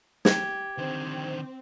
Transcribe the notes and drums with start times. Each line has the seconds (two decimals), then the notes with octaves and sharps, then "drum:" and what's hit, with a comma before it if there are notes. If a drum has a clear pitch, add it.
0.25 G4 G#6, drum: snare
0.78 D3 D#3 C4